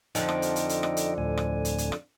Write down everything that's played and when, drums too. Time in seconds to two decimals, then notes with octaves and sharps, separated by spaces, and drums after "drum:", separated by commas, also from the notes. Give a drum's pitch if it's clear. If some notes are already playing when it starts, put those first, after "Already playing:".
0.15 F2 D3 F3 D#4 D#5 G5, drum: hi-hat
0.29 drum: rim click
0.42 drum: hi-hat
0.56 drum: hi-hat
0.69 drum: hi-hat
0.83 drum: rim click
0.97 drum: hi-hat
1.18 D2 A2 G#5
1.37 drum: rim click
1.65 drum: hi-hat
1.78 drum: hi-hat
1.92 drum: rim click